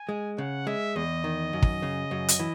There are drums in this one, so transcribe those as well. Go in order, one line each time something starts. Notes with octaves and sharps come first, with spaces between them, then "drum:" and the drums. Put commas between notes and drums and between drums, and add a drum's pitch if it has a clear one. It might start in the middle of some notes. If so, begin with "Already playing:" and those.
Already playing: G#5
G#3
C#3 F#5
G#3 E5
E2 D#5
D#3
F#2
drum: kick
C#3
F#2
drum: hi-hat
E3